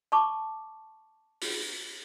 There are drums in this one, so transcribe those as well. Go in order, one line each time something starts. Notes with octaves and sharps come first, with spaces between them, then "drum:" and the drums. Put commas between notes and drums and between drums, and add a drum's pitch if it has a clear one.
A5 B5 C#6 D6
drum: open hi-hat